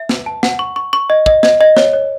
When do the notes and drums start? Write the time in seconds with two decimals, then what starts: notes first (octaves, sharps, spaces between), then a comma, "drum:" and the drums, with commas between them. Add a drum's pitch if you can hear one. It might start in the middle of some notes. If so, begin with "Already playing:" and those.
Already playing: E5
0.09 B4, drum: snare
0.26 A5
0.43 F#5, drum: snare
0.59 C#6
0.76 C#6
0.93 C#6
1.10 D#5
1.26 D#5, drum: kick
1.43 D#5, drum: snare
1.61 D#5
1.77 C#5, drum: snare
1.93 C#5